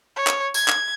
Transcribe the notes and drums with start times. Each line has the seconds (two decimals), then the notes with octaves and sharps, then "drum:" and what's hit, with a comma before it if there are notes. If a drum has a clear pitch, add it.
0.16 C#5
0.27 drum: clap
0.54 G#6, drum: tambourine
0.68 drum: clap